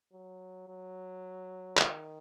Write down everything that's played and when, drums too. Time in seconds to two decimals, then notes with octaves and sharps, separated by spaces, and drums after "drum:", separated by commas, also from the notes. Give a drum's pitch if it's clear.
0.13 F#3
0.68 F#3
1.78 D#3, drum: clap